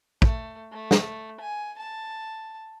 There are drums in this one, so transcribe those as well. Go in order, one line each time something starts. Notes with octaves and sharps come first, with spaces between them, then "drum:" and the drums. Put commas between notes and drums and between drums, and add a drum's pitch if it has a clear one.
A3, drum: kick
A3
drum: snare
G#5
A5